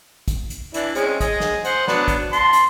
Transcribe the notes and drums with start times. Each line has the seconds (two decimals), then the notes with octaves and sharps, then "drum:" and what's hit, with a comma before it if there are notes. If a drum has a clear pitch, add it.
0.28 drum: kick, hi-hat
0.50 drum: hi-hat
0.74 E3 D4 E4, drum: hi-hat
0.95 G#3 C4 C#4, drum: hi-hat
1.20 G#4 D#5, drum: kick, hi-hat
1.40 drum: snare
1.65 C5 F#5, drum: hi-hat
1.88 F#3 B3 D4, drum: snare
2.08 drum: kick, hi-hat
2.33 A5 C6, drum: hi-hat
2.53 drum: hi-hat